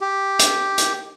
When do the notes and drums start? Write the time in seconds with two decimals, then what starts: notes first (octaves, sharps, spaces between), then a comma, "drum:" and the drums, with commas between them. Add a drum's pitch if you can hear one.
0.01 G4
0.39 drum: hi-hat
0.78 drum: hi-hat